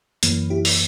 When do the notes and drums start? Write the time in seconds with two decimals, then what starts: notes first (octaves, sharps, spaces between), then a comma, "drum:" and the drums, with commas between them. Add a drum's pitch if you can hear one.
0.23 F#2 E3 A#3, drum: hi-hat
0.50 E4 G4
0.65 drum: open hi-hat